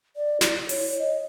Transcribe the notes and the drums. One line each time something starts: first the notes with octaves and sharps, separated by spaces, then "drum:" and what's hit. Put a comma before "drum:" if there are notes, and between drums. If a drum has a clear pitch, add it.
D5
E4, drum: snare
C#5, drum: open hi-hat
D#5